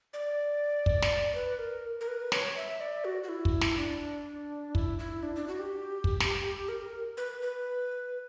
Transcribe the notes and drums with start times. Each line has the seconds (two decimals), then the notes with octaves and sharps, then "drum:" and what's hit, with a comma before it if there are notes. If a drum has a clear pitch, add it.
0.13 D5
0.86 drum: kick
1.02 drum: snare
1.35 B4
1.59 A#4
2.01 A#4
2.08 B4
2.32 C#5, drum: snare
2.56 E5
2.80 D5
3.05 F#4
3.23 F#4
3.29 E4
3.45 drum: kick
3.61 drum: snare
3.78 D4
4.75 E4, drum: kick
4.99 E4
5.23 D4
5.35 D4
5.48 F#4
5.59 G4
6.04 drum: kick
6.20 drum: snare
6.69 A#4
7.17 B4
7.42 B4